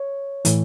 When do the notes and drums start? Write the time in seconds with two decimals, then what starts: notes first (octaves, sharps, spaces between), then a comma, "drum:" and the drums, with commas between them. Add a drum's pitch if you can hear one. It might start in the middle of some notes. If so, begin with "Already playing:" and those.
Already playing: C#5
0.45 A2 E3, drum: hi-hat